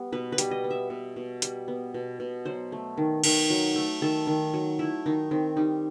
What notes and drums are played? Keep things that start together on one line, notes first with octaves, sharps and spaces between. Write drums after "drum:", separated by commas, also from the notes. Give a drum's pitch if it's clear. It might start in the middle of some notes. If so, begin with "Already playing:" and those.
Already playing: G3 B3
B2 B4
B4
G3, drum: hi-hat
D#5
B3
E5
B2
B2
G3, drum: hi-hat
B3
B2
B2
F#3 C5
A3
D#3
D#3, drum: cymbal
F#3
A3
D#3 A4
D#3
F#3
A3 E4
D#3 D#4
D#3 C4
G3 D#4